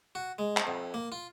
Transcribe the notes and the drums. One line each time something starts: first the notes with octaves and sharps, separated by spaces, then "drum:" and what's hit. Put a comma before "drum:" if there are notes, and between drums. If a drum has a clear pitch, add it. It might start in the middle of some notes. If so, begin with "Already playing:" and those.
F#4
G#3
drum: clap
F2
A#3
F4